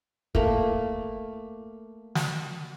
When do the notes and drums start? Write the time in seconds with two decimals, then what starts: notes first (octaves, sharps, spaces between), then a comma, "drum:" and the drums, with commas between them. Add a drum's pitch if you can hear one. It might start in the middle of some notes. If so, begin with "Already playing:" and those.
0.35 A3 A#3, drum: kick
2.15 drum: snare